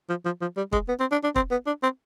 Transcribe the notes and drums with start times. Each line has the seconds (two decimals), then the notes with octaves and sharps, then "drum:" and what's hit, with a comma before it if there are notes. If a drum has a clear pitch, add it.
0.09 F3
0.25 F3
0.41 F3
0.57 G3
0.73 G#3, drum: kick
0.88 B3
1.00 C4
1.12 D4
1.24 D4
1.36 C4, drum: kick
1.51 B3
1.67 D4
1.83 C4